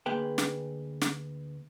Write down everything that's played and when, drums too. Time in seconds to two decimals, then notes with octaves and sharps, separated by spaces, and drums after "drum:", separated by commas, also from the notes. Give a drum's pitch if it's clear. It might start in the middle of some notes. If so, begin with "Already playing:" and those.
0.06 D2 A#3 G#4 B4 G5
0.38 drum: snare
1.01 drum: snare